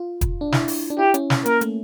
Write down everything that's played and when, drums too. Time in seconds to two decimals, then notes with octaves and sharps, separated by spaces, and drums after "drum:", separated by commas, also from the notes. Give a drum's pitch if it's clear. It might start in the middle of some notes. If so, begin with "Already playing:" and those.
Already playing: F4
0.21 drum: kick, hi-hat
0.41 D4
0.52 E4, drum: snare
0.68 drum: open hi-hat
0.90 D4
0.99 E4 G4
1.14 C#4, drum: hi-hat
1.30 drum: snare
1.46 A#3 A#4, drum: hi-hat
1.61 A3, drum: hi-hat